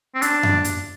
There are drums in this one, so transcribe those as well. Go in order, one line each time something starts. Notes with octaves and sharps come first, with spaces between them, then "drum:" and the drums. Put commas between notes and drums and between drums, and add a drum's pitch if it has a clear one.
C4
D4, drum: hi-hat
drum: tom F#2
drum: hi-hat